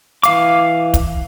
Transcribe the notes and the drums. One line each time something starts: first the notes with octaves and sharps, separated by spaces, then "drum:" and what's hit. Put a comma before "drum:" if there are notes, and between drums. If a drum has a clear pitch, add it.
E3 F5 D6, drum: hi-hat
drum: kick, hi-hat